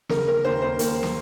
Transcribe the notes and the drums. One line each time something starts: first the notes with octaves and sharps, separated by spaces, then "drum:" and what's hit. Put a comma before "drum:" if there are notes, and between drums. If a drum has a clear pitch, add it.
C#3 A#4, drum: snare
A#3 A#4
D#2 C5
A#3 C5
D#2 A#4, drum: hi-hat
drum: snare